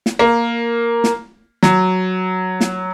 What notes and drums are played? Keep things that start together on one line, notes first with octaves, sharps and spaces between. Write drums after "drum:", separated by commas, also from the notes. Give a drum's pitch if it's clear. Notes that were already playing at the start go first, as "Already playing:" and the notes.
drum: snare
A#3
drum: snare
F#3, drum: snare
drum: snare